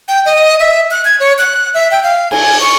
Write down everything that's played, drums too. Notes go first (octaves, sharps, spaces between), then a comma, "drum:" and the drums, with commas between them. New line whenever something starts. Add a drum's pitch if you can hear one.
G5
D#5
E5
F#6
G#6
C#5
F#6
E5
G5
F5
G#5, drum: cymbal
C#6